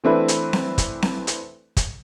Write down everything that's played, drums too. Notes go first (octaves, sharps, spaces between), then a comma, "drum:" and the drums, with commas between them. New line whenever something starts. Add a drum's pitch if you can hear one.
E3 A3 C4 D4 E4 B4
drum: hi-hat
drum: snare C4
drum: kick, hi-hat
drum: snare C4
drum: hi-hat
drum: kick, hi-hat